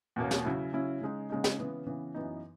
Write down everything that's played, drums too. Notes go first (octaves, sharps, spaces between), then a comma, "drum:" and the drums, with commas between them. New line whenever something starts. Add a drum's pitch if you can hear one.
E2 B2 A#3 C#4
drum: snare
C#3 F#3 C#4 E4
C#3 F#3 C#4 E4
C#3 G#3 D#4
C#3 G#3 D#4
drum: snare
C#3 E3 B3
C#3 E3 B3
F#2 E3 B3 D#4